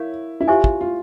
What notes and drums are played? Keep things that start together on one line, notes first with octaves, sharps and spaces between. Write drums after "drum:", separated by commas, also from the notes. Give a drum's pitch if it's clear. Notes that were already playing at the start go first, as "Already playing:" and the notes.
Already playing: E4 A#4 C#5 F5 C#6
E4
F4 G4 C5 E5 G#5 C#6
drum: kick
F4